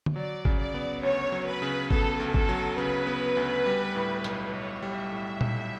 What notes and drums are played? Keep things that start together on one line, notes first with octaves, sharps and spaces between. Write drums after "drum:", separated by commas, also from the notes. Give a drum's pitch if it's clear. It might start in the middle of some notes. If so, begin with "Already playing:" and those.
drum: tom D3
F#3 D5
C#3, drum: kick G1
D5
B3
D2 C#5
F#3
B4
C#3
B3 A4, drum: kick G1
D2
A4, drum: kick G1
F#3
C#3 B4
B3
D2
G3
A2
B1, drum: hi-hat
B1 C#5
G3
E5
A2
B1, drum: tom A#2